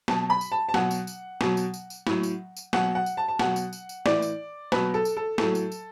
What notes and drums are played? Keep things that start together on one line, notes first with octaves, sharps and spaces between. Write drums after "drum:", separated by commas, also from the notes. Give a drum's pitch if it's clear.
B2 F#3 A5, drum: snare
B5
drum: tambourine
A5
A5
B2 F#3 F#5, drum: snare
drum: tambourine
drum: tambourine
B2 F#3, drum: snare
drum: tambourine
drum: tambourine
drum: tambourine
A2 F#3, drum: snare
drum: tambourine
drum: tambourine
B2 F#3 F#5, drum: snare
F#5
drum: tambourine
A5
A5
B2 F#3 F#5, drum: snare
drum: tambourine
drum: tambourine
drum: tambourine
A2 E3 D5, drum: snare
drum: tambourine
B2 F#3 B4, drum: snare
A4
drum: tambourine
A4
A2 F#3 A4, drum: snare
drum: tambourine
drum: tambourine